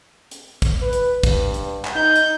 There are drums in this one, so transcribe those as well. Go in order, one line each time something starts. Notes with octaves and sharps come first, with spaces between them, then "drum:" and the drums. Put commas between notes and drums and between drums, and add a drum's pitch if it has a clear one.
drum: hi-hat
drum: kick, hi-hat
B4
drum: hi-hat
G2, drum: kick, hi-hat
drum: hi-hat
drum: clap
D#4 G6
drum: hi-hat